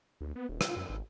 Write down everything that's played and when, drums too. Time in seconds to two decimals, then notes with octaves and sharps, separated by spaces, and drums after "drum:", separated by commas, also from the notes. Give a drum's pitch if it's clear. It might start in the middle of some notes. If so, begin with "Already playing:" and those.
0.21 D2
0.36 B3
0.49 D#1
0.61 F4, drum: rim click
0.76 F#2
0.90 G#1